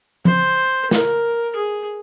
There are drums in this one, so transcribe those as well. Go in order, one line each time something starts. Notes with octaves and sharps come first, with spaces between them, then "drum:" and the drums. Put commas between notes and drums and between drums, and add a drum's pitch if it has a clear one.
C5, drum: tom F3
A#4, drum: snare
G#4